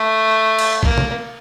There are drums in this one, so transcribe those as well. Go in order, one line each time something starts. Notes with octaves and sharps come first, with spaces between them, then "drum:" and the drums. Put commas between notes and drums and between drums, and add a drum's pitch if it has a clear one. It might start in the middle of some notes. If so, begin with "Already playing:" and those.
Already playing: A3
drum: cymbal
A#3, drum: kick B1
drum: tom C3